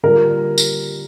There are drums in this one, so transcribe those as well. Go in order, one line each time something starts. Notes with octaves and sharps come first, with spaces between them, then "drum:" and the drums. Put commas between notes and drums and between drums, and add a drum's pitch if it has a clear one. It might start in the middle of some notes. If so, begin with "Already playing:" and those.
D3 G3 A#3 F4 A#4
drum: tambourine